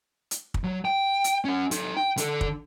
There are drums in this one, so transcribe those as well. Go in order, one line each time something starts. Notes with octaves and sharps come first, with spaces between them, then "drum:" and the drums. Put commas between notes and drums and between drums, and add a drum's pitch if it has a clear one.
drum: hi-hat
drum: kick
F#3
G5
drum: hi-hat
C#4 F#5
D#4 A4, drum: hi-hat
G5
D3 A4, drum: hi-hat
drum: kick